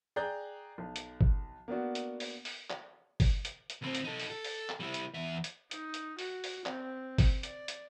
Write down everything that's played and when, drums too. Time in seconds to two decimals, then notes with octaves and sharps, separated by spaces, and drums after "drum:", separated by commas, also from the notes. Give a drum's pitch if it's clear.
0.16 G#4 D5 G5 A#5 F#6 G6
0.78 B1
0.96 drum: hi-hat
1.21 drum: kick G1
1.68 A#3 B3 D4 F#4
1.95 drum: hi-hat
2.20 drum: open hi-hat
2.45 drum: open hi-hat
2.70 drum: clap
3.20 drum: kick G1, open hi-hat
3.45 drum: hi-hat
3.70 drum: hi-hat
3.82 D2 C4
3.95 drum: hi-hat
4.04 D#4 A4
4.20 drum: open hi-hat
4.30 A4
4.44 drum: open hi-hat
4.69 drum: clap
4.80 G3 E4
4.94 drum: hi-hat
5.14 E2 E5
5.44 drum: hi-hat
5.71 D#4, drum: hi-hat
5.94 drum: hi-hat
6.19 F#4, drum: open hi-hat
6.44 drum: open hi-hat
6.66 C4, drum: clap
7.18 drum: kick G1, open hi-hat
7.43 D5, drum: hi-hat
7.68 drum: hi-hat